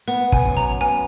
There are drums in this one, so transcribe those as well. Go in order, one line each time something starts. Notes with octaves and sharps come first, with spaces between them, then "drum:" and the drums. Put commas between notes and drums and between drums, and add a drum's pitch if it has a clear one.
B3 B4
G#5, drum: kick
F#2
A#5
B3 G#5